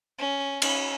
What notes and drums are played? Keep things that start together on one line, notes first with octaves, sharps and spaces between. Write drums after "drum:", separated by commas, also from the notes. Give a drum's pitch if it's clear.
C#4
C#4, drum: cymbal